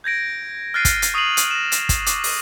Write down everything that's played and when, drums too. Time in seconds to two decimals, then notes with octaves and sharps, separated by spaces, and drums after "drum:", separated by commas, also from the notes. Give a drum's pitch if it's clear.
0.04 G6 G#6 A#6 D7
0.74 F6 F#6 A6 C7 D7 D#7
0.85 drum: kick, hi-hat
1.02 drum: hi-hat
1.14 C#6 D#6 C7 D#7 F7 F#7
1.37 drum: hi-hat
1.51 A#6 E7
1.72 drum: hi-hat
1.89 drum: kick, hi-hat
2.06 C#6 D6, drum: hi-hat
2.24 drum: open hi-hat